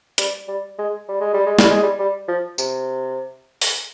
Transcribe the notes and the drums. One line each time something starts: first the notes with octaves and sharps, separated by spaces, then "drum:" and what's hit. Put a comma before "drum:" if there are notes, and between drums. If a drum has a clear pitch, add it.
G3, drum: hi-hat
G3
G#3
G3
G#3
G3
G#3
G3, drum: snare
G#3
G3
G3
F3
C3, drum: tambourine
drum: open hi-hat